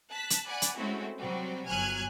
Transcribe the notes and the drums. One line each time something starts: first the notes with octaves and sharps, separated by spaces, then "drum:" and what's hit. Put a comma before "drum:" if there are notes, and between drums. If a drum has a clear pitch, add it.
A5 F#6 B6
drum: hi-hat
D5 F#5 G#5 B5 F#6
drum: hi-hat
G#3 A3 C4 C#4 E4 F#4
C3 F#3 G3 C4 F#4
G1 F#3 G#5 F6 F#6 G#6